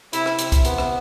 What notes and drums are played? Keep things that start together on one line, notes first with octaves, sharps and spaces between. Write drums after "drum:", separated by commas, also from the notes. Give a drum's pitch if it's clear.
C3 E4, drum: hi-hat
drum: rim click
C3, drum: hi-hat
drum: kick C2, hi-hat
B3, drum: hi-hat
drum: rim click